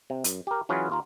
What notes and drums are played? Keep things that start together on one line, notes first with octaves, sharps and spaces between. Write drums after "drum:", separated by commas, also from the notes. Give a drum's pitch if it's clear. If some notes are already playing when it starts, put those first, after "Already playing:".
C3
F#2, drum: hi-hat
G4 A#4
E3 F#3 C#4 F4 G#4 B4
D#2 F4 A#5